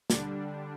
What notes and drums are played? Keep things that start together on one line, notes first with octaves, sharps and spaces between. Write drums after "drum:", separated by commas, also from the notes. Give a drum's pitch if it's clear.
D3 G3 D4, drum: snare